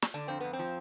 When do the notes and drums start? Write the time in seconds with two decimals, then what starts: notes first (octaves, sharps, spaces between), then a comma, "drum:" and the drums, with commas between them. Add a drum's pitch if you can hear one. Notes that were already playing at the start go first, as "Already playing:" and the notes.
0.02 drum: snare
0.14 D3 D4
0.28 F2 C4
0.40 F2 B3
0.53 C4
0.59 F3